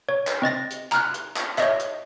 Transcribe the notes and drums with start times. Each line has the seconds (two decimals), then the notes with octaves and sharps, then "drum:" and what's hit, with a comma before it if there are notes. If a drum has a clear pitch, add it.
0.09 C#5
0.27 drum: clap
0.42 C4 D#5 A6 A#6
0.71 drum: hi-hat
0.92 A#5 F6 F#6, drum: clap
1.14 drum: hi-hat
1.36 drum: clap
1.58 C#5 D#5 E5, drum: clap
1.80 drum: hi-hat